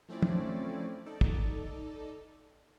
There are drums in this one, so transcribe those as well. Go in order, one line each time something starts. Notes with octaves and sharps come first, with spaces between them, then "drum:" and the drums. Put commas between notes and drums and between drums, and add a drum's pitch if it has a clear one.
F3 A3 C4 C#4 E4 D5
drum: tom
D#4 A4 D5
drum: kick